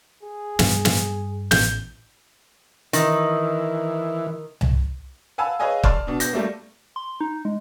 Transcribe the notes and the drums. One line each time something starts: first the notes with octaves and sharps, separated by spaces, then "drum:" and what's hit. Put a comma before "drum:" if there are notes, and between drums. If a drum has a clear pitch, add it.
G#4
G2, drum: snare
drum: snare
A1 G6, drum: snare
D#3 E3, drum: hi-hat
drum: tom C2
F5 F#5 G#5 A5 B5 E6
G#4 B4 C#5 D#5 F5 G#5
D5 A5 C6 F6, drum: kick
B2 D4
B3 G6 A#6, drum: hi-hat
G3 A3 A#3
C6
D#4
G#3